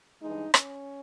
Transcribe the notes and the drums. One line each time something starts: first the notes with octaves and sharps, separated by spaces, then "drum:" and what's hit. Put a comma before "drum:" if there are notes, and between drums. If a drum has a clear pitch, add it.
G2 E3 G#3 D#4
C#4, drum: rim click